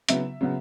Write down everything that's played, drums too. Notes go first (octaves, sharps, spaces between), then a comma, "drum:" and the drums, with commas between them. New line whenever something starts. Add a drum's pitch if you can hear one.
C#3 F#3 B3 E5, drum: hi-hat
C#3 F#3 B3